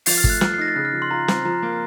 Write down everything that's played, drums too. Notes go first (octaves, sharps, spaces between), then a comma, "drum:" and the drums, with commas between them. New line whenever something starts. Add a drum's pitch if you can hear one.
F3 A6 C7, drum: open hi-hat
F6 A6
A3, drum: kick G#1
F#6
F3 F6, drum: snare
C7
D#4 A#6
A6
C#3 F#6
F6
F3
C6
F4 A#5
C4, drum: snare
F3 A#5
A#3